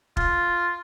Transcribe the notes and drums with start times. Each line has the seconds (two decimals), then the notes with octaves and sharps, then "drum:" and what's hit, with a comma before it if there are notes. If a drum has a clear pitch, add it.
0.17 F4, drum: kick